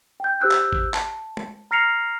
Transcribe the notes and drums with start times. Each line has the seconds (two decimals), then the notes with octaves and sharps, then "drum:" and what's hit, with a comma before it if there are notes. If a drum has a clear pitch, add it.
0.20 G5 G6
0.40 G4 C5 E6 F#6 G6
0.51 drum: clap
0.73 drum: kick A1
0.94 A5, drum: clap
1.37 drum: tom
1.71 A#5 F6 A#6 C7 C#7 F7